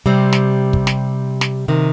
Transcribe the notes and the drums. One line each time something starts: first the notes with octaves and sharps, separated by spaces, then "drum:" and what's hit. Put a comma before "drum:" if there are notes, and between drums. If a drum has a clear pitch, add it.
C3 G3 C4
drum: snare
drum: kick
drum: snare
drum: snare
C3 D#3